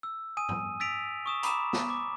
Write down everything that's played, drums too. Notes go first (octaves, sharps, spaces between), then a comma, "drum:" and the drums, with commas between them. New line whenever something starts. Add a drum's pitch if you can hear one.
E6
G#5 D#6 D#7
drum: tom G#2
E6 A6 B6 D7 F7
C#6 D#6 E7
A#5 B5 D6 D#6 E7, drum: hi-hat
drum: snare
D6